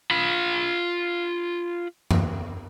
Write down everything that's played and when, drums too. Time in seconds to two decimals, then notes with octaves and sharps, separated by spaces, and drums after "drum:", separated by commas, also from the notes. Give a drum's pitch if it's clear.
0.11 F4 B5
2.11 drum: tom F#2